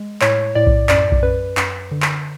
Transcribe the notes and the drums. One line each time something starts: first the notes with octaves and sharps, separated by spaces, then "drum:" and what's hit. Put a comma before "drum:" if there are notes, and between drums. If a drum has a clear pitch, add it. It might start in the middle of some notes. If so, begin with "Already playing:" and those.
Already playing: G#3
A2 C#5, drum: clap
A2 D5
drum: kick B1
F#2 D5, drum: clap
drum: kick B1
F#2 B4
F#2, drum: clap
D3
drum: clap